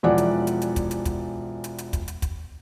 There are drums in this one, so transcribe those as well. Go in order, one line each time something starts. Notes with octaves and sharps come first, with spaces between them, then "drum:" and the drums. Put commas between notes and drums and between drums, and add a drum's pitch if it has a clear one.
E1 E3 F3 D5 F#5 D6
drum: hi-hat
drum: hi-hat
drum: hi-hat
drum: kick, hi-hat
drum: hi-hat
drum: kick, hi-hat
drum: hi-hat
drum: hi-hat
drum: kick, hi-hat
drum: hi-hat
drum: kick, hi-hat